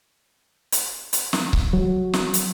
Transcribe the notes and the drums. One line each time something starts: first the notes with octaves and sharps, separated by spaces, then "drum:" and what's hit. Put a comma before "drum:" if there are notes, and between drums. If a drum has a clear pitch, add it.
drum: hi-hat
drum: hi-hat
drum: snare
drum: kick C#1
F#3
drum: snare
drum: hi-hat